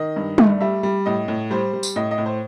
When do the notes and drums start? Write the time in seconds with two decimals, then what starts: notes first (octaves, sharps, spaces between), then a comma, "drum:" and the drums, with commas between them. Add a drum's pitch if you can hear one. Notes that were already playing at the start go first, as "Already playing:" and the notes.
Already playing: D#3 D#5
0.16 G2
0.38 A3, drum: tom G3
0.60 G3 E5
0.83 G3
1.06 A2 D#5
1.28 A2
1.50 G3 C5
1.73 G3
1.83 drum: tambourine
1.96 A2 D#5
2.11 D#5
2.18 A2
2.26 C5